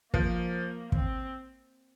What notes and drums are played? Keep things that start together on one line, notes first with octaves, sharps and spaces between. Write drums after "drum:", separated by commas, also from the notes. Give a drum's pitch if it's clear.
F3 A#3, drum: kick
C4, drum: kick